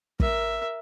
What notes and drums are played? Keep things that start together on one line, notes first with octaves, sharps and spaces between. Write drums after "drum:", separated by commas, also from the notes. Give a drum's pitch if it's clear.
A#4 E5, drum: kick